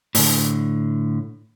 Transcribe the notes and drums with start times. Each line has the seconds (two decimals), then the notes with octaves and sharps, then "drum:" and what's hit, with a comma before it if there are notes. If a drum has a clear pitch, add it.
0.15 A2 D3, drum: open hi-hat